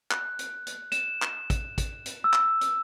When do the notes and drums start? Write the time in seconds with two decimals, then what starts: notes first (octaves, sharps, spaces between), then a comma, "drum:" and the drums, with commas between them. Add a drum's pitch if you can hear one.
0.11 F#6, drum: clap
0.39 drum: hi-hat
0.67 drum: hi-hat
0.92 E7, drum: hi-hat
1.22 drum: clap
1.50 drum: kick, hi-hat
1.78 drum: kick, hi-hat
2.06 drum: hi-hat
2.24 E6
2.33 drum: clap
2.61 drum: hi-hat